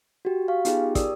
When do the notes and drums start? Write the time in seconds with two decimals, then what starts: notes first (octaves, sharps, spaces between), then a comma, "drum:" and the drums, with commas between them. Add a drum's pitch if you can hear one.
0.25 F#4 G4
0.48 F5 C#6
0.65 B3 D#4 F4 G4 G#4, drum: hi-hat
0.95 G4 A#4 D5 D#6 E6, drum: kick, hi-hat